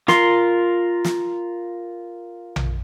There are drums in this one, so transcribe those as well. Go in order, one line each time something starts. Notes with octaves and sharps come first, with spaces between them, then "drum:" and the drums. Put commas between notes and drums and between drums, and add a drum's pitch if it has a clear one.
F4 A#4 C6, drum: snare
drum: snare
drum: tom A#1